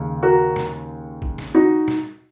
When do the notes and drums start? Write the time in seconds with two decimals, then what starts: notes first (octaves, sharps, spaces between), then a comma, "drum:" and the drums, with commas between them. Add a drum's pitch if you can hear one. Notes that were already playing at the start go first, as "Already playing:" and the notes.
Already playing: D#2 C#3 G#3
0.23 F#4 A#4
0.56 drum: snare
1.22 drum: kick A1
1.38 drum: snare
1.55 D#4 F#4
1.88 drum: snare